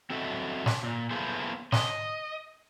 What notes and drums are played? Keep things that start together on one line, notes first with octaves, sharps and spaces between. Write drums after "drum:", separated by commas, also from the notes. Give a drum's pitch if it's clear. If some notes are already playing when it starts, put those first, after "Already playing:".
C4 F#4 A4 D#5 E5
drum: snare
A#2
A#3 B3 E4 G#4 A4 C5
D#5, drum: snare